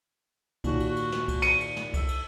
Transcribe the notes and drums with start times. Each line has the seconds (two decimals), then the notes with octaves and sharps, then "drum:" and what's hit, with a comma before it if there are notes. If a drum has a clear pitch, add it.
0.64 D#2 A#2 F#4, drum: kick C2, cymbal
0.80 drum: cymbal
0.96 drum: cymbal
1.12 drum: snare
1.28 drum: kick C2, cymbal
1.42 C#7 D#7, drum: cymbal
1.60 drum: cymbal
1.76 drum: snare
1.94 A4, drum: kick C2, cymbal
2.09 drum: cymbal